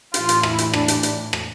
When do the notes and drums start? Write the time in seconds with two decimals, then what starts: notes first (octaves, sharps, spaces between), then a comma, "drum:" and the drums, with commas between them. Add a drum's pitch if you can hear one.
0.14 A2 E3 F4, drum: hi-hat
0.29 drum: hi-hat
0.43 E4, drum: rim click
0.58 drum: hi-hat
0.73 D4, drum: rim click
0.88 drum: hi-hat
1.03 drum: hi-hat
1.33 drum: rim click